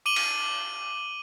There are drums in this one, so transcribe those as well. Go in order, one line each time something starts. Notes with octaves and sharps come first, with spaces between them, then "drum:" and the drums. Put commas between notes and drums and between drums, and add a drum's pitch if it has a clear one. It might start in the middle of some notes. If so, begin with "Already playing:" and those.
D6 D#7 F#7 G7
drum: cymbal